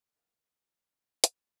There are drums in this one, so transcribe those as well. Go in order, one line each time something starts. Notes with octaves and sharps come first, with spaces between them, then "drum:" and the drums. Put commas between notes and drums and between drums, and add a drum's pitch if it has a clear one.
D#3 E3 B3 F5
drum: hi-hat